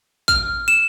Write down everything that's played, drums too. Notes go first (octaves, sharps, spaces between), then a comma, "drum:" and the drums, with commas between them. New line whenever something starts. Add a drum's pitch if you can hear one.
F6, drum: kick
E7